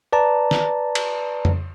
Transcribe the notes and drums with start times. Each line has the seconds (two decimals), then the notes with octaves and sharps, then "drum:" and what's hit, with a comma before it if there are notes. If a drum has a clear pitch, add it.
0.13 B4 D5 A5 A#5
0.51 drum: snare
0.95 drum: cymbal
1.45 drum: tom F2